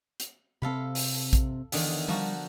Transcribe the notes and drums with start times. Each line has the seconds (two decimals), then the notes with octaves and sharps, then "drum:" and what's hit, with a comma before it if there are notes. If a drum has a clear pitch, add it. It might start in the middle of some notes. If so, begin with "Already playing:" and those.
0.20 drum: hi-hat
0.62 C3 C4 A4 F5 B5
0.95 drum: open hi-hat
1.33 drum: kick A#1, hi-hat
1.72 E2 D3 D#3, drum: open hi-hat
2.08 F3 G3 F#4 A#5